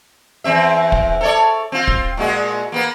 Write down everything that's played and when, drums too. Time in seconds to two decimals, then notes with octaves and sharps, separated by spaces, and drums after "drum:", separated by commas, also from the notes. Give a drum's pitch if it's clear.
0.44 E2 C4 E5
0.92 drum: kick
1.21 A4 C#5 D5
1.72 C4 F4
1.87 drum: kick
2.17 A#2 G#3 F#4
2.72 A#3 B3 B4